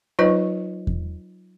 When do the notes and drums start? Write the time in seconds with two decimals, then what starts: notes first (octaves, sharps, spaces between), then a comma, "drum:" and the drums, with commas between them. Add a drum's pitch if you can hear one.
0.19 F#3 D#4 F4 B4 C5 D#5
0.87 drum: kick E2